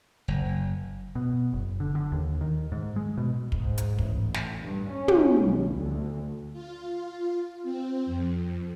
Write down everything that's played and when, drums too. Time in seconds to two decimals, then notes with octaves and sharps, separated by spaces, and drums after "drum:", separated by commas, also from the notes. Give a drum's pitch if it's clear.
0.28 F#1
1.15 B2
1.53 F#1
1.80 D3
1.95 D3
2.12 D#2
2.41 D#3
2.72 G#2
2.96 G#3
3.17 B2
3.52 G#2, drum: kick
3.78 drum: hi-hat
3.99 A1, drum: kick
4.34 drum: snare
4.60 G2
4.92 C#4
5.08 drum: tom
5.42 B1
5.73 D2
6.53 F4
7.63 C4
8.06 F2